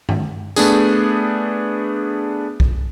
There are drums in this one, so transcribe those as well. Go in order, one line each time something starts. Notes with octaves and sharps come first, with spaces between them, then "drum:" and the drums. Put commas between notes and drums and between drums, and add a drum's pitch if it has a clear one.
drum: tom
A3 B3 D4 G#4, drum: tambourine
drum: kick